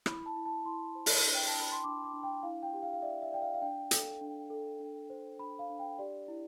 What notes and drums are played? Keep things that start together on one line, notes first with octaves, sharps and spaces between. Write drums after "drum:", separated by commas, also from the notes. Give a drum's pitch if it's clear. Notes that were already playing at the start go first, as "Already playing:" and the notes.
E4 B5, drum: rim click
A5
E4
A5
E4 C6
C5
drum: open hi-hat
D4
G5
A5
D4
B5
C6
D4 D6
D6
D4
G5
E4 F5
G5
G4
F5
F5
D5 E5
E5
D5 G5
F5
F5
D4 G5
A4, drum: hi-hat
D4
A4
D4
C5
D4 B5
F5
D4
G5
G4 D5
E4